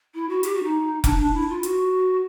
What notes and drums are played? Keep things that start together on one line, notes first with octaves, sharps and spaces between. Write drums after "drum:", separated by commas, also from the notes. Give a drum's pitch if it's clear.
E4
F#4
G4, drum: hi-hat
F#4
D#4
D4, drum: kick F1, hi-hat
D4
E4
F4
F#4, drum: hi-hat